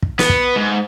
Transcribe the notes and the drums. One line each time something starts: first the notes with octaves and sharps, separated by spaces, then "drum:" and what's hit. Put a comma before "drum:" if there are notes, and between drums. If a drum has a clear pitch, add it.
drum: kick
B3, drum: snare
drum: kick
G#2